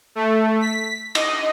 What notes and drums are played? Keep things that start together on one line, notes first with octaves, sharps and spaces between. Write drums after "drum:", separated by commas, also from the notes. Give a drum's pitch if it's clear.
A3
B6
D#5, drum: cymbal